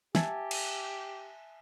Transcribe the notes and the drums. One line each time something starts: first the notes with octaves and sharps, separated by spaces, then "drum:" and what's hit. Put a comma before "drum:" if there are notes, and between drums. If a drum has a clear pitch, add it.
G4 E5 G#5 A5, drum: snare
drum: cymbal